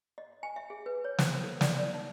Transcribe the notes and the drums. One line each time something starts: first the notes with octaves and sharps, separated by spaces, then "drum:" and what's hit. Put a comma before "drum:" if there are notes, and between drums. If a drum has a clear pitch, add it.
D#5
G#5
E5
G#4
B4
C#5
C5, drum: snare
A4
D5, drum: snare
D5
D#4